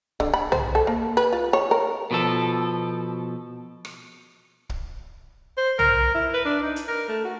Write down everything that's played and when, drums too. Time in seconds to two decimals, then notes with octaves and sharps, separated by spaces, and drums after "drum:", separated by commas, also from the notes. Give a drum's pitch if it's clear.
0.20 D3, drum: kick
0.34 B5
0.52 C5, drum: tom
0.75 A4
0.87 A#3
1.17 B4
1.32 F4
1.53 C#5
1.71 A#4
2.11 B2 F3 A4
3.85 drum: rim click
4.70 drum: kick
5.58 C5
5.79 A#4, drum: tom
6.14 E4
6.34 B4
6.45 D4
6.62 D#4
6.76 drum: hi-hat
6.88 A#4
7.08 A3
7.25 F#4